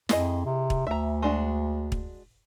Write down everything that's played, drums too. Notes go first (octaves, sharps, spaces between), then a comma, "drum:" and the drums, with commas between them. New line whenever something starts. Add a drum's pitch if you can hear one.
F2 E4 G#4 D#5, drum: snare
C3
drum: kick
D2 E5 A#5
G#3 D4 F#4
drum: kick